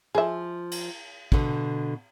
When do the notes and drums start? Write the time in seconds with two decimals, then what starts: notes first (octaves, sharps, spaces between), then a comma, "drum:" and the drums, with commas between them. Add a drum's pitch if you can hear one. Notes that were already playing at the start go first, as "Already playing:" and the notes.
0.15 F3 G#4 E5
0.71 drum: cymbal
1.32 B2 D3, drum: kick